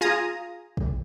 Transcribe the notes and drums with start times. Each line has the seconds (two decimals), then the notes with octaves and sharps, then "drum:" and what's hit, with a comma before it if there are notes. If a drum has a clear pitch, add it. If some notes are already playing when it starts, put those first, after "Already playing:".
0.01 F4 G#4 G#5 A#5 D#6
0.77 drum: kick